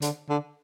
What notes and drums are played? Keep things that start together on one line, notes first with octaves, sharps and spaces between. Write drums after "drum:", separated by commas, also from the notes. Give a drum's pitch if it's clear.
D3, drum: hi-hat
D3